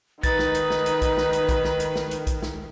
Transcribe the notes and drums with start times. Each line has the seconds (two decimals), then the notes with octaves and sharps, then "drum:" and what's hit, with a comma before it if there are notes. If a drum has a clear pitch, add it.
0.23 D#3 D#4 B4 A6, drum: kick, hi-hat
0.39 drum: snare
0.55 drum: hi-hat
0.70 drum: snare
0.86 drum: hi-hat
1.02 drum: kick, hi-hat
1.17 drum: snare
1.33 drum: hi-hat
1.49 drum: kick, hi-hat
1.64 drum: snare
1.80 drum: hi-hat
1.96 drum: snare
2.11 drum: hi-hat
2.27 drum: kick, hi-hat
2.43 drum: snare